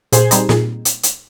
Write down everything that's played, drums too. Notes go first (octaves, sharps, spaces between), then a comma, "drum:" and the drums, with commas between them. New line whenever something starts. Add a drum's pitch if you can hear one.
A#2 G#4 C5, drum: hi-hat
G3 C4 D#4, drum: hi-hat
A#2 G#4, drum: snare
drum: hi-hat
drum: hi-hat